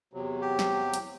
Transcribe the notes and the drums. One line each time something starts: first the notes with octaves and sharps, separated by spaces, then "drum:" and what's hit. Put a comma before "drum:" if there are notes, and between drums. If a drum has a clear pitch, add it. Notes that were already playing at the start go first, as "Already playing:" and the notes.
E2 C3 F#3
G4
drum: snare
drum: hi-hat